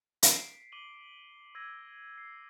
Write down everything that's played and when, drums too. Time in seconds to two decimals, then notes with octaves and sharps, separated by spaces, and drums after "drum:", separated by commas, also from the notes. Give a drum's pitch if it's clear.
0.23 B6 C7 D7, drum: hi-hat
0.72 D6 D#7 F#7 G7
1.55 D6 E6 G#6 A#6 D#7
2.18 C7